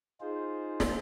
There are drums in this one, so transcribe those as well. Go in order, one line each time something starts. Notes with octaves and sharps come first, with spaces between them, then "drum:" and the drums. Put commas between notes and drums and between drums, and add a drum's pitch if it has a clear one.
D#4 F4 G#4 C5
drum: snare